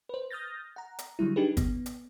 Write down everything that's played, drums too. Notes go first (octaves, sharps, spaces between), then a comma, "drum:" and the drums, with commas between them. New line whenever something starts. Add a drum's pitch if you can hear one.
B4 C5
D#6 F6 G6 A6 A#6
F#5 A#5
drum: hi-hat
D3 F#3 G3 E4
D4 D#4 G4 G#4 B4
B3, drum: kick G1, hi-hat
drum: hi-hat